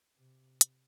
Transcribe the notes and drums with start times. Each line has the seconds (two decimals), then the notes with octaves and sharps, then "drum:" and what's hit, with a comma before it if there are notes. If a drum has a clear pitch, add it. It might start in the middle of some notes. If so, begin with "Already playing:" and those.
0.16 C3
0.61 drum: hi-hat